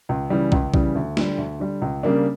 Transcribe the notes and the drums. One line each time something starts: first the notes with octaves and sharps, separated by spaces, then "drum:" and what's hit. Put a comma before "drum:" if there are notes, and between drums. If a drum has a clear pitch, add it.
C#2
C#3 E3 G3
C#2, drum: kick
C#3 E3 G3, drum: kick
D2
D3 G3, drum: snare
D2
D3 G3
C#2
C#3 G3 A#3 D4